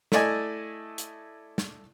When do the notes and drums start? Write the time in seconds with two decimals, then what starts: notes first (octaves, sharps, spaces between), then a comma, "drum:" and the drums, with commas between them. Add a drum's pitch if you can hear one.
0.12 A3 E4 A4 D5 D#5 G#5, drum: snare
0.98 drum: hi-hat
1.58 drum: snare